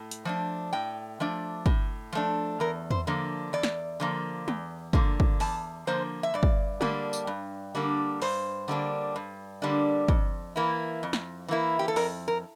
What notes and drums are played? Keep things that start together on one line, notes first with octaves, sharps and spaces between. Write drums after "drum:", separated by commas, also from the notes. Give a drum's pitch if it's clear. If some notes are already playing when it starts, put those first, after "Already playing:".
Already playing: A2
drum: hi-hat
F3 A3 D4
A2 G5
F3 A3 D4
A2, drum: kick
F3 A3 D4
E2 A#4
C5, drum: tom E2
D3 F3 A#3
E2 D5
drum: snare
D3 F3 A#3
E2, drum: tom
D3 F3 A#3, drum: kick
drum: kick
E2 A5, drum: open hi-hat
D3 F3 A#3 C5
E5
G2 D5
drum: kick
D3 G3 A#3 D4, drum: tom
drum: tambourine
G2
D3 G3 A#3 D4
G2 C5, drum: open hi-hat
D3 G3 A#3 D4
G2
D3 G3 A#3 D4
F2, drum: kick
E3 A#3 E4
F2
drum: snare
E3 A#3 E4
G4
A4
F2 A#4, drum: open hi-hat
A#4